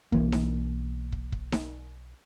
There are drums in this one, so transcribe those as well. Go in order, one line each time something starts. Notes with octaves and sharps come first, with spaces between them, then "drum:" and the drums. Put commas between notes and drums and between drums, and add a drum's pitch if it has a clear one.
B1 E3 A#3, drum: kick
drum: snare D#4
drum: kick
drum: kick
drum: snare D#4